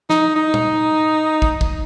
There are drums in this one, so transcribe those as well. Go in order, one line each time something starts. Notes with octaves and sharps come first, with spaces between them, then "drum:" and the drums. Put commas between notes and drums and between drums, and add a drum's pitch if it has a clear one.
D#4, drum: snare
D#4
drum: tom
drum: kick
drum: kick